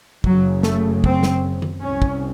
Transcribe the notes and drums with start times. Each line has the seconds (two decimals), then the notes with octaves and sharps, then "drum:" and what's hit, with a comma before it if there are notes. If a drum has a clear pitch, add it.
0.24 F#1 F#2 C#3 F#3, drum: kick
0.63 A3, drum: snare
1.04 C4, drum: kick
1.23 drum: snare
1.62 drum: tom D#3
1.81 C2 C3 C#4
2.02 drum: kick